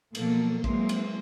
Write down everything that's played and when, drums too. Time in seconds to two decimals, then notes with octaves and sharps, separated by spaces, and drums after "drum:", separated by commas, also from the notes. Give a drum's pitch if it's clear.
0.15 B2 F3 F#3 A#3 A4, drum: cymbal
0.64 E3 F#3 G#3 A#3 C4 C5, drum: kick
0.89 drum: cymbal